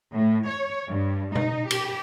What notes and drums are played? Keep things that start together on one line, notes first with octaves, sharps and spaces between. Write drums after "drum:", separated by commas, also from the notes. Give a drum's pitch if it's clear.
A2
C#5
G2
D#4, drum: tom B2
G4, drum: cymbal